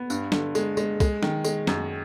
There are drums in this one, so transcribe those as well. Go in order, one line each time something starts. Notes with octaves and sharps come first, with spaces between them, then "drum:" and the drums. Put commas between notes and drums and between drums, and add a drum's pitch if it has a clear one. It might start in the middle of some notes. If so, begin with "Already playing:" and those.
Already playing: B3
G2, drum: tambourine
D3, drum: snare
G#3, drum: tambourine
G#3, drum: tambourine
G#3, drum: kick, tambourine
D#3, drum: snare
G#3, drum: tambourine
F#2, drum: snare